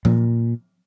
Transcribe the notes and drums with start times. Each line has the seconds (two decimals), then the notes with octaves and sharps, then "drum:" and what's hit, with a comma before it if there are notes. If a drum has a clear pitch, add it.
0.05 A#2, drum: tom F3